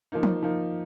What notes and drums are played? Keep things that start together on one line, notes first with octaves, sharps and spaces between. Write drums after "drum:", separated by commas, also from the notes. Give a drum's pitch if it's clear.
F3 A#3 D#4
drum: tom
F3 A#3 D#4